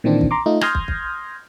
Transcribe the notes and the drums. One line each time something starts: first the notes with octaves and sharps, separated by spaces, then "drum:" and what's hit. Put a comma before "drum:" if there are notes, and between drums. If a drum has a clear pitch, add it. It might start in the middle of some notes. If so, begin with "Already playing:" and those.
A#2 D#3 E3 C4 D4
drum: kick
A#5 C6 D6
A3 D#4 F4
C6 D#6 F6 G6 G#6 A#6, drum: rim click
drum: kick
drum: kick